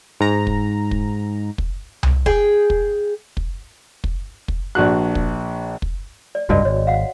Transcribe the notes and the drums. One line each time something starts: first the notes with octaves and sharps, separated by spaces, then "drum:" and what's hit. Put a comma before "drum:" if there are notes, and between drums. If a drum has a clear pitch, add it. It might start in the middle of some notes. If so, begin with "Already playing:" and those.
G#2 A#5
drum: kick
drum: kick
drum: kick
drum: tom C2
G#4 G5, drum: kick
drum: kick
drum: kick
drum: kick
drum: kick
A#1 D4 F#4 F#6
drum: kick
drum: kick
D5
F1 C#2 G2 F#4 D5 D#5
G#1 C#5
F5 F#5